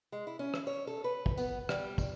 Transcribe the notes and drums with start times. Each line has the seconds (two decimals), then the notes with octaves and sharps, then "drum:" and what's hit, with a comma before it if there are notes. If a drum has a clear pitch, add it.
0.12 G#3
0.27 E4
0.39 C#4
0.54 drum: rim click
0.67 C#5
0.87 A4
1.04 B4
1.26 drum: kick
1.37 B3, drum: tambourine
1.69 G3, drum: rim click
1.98 drum: kick, tambourine